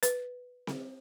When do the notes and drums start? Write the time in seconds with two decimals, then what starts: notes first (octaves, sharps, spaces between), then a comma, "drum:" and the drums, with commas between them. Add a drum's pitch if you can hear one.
0.03 B4, drum: hi-hat
0.67 drum: snare C4